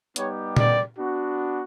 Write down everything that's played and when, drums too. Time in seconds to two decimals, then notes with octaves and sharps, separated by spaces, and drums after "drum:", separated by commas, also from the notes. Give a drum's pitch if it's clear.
0.16 G3 B3 D#4 G4 C#5, drum: hi-hat
0.57 D5, drum: tom A#2
0.97 B3 D4 F#4